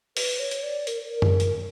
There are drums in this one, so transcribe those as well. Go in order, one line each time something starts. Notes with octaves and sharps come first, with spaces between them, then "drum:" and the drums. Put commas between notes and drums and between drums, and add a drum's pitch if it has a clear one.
B4, drum: open hi-hat
C#5
drum: hi-hat
D5
A#4, drum: hi-hat
A#4
drum: tom F#2
drum: hi-hat